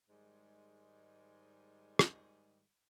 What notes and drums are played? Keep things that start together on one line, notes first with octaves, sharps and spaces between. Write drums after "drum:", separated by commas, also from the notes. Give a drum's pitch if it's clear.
G#2 D#3 G3 G#3
drum: rim click